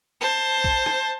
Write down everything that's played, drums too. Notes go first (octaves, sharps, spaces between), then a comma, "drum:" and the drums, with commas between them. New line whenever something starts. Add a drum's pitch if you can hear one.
C5 A5
drum: kick
drum: rim click